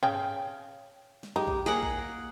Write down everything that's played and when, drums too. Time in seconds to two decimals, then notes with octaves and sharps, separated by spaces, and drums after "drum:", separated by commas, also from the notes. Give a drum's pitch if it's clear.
0.03 C#3 C#4 G5, drum: tom G2
1.23 drum: snare
1.36 G#3 D#4 G4
1.47 drum: kick A#1
1.66 A#3 G#4 A#4 F#5
1.83 drum: kick A#1